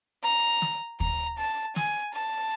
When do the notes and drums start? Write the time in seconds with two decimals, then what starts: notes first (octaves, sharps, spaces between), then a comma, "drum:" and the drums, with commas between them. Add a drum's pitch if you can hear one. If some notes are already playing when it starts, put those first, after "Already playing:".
0.23 A#5
0.62 drum: snare
1.00 A#5, drum: kick
1.38 A5
1.76 G#5, drum: snare
2.14 A5